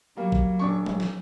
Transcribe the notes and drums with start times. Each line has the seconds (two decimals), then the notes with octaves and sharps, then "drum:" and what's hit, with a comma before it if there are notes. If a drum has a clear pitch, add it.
0.17 F#3 G3 A#3
0.32 drum: kick
0.59 D#1 D4 C#6
0.86 drum: tom F#3
1.00 drum: snare